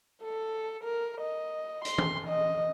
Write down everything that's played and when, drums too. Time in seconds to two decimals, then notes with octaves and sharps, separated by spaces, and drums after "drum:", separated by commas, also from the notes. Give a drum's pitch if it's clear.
0.24 A4
0.84 A#4
1.21 D#5
1.85 C6, drum: hi-hat
1.98 drum: tom
2.29 D#5